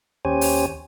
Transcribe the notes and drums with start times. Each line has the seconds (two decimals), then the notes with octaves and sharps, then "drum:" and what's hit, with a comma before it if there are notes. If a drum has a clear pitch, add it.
0.25 D#2 C#4 G4 C5 C#5 G#5
0.41 drum: open hi-hat